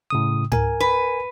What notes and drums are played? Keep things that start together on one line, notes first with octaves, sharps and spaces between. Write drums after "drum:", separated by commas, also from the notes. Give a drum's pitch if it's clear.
A2 C#3 D#6
A#4 G#5, drum: tom G#2
B4